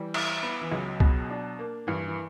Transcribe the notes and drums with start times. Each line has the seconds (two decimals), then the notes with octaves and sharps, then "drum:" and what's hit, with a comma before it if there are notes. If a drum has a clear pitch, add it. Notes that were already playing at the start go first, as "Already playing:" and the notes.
Already playing: E3 G3
0.14 E4, drum: cymbal
0.43 B3
0.61 E3
0.72 C#2 F#3
1.00 B2, drum: kick C2
1.30 D4
1.59 A#3
1.87 G2 E3
2.07 E3